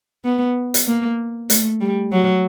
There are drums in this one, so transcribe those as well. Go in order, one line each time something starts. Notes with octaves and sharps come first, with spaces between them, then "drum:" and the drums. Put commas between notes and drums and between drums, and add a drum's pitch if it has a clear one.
B3
drum: hi-hat
A#3
A3, drum: hi-hat
G3
F#3